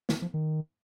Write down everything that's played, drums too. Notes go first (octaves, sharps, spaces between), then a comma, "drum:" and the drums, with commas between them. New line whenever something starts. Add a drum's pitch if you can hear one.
D#3, drum: snare
F3
D#3